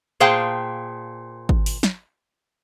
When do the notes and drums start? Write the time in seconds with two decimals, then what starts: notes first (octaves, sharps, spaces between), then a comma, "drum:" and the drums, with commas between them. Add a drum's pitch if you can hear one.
0.20 A#2 G#4 C5 F5 G5 A5
1.49 drum: kick G#1
1.66 drum: open hi-hat
1.83 drum: snare